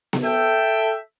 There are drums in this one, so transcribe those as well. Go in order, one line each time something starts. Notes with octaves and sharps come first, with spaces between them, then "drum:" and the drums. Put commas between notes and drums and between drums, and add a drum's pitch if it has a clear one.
drum: snare B3
A4 E5 G5